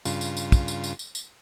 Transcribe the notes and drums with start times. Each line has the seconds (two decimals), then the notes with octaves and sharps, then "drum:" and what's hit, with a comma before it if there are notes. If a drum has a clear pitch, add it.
0.05 G2 C#3 F4, drum: tambourine
0.21 drum: tambourine
0.37 drum: tambourine
0.52 drum: kick, tambourine
0.68 drum: tambourine
0.84 drum: tambourine
0.99 drum: tambourine
1.15 drum: tambourine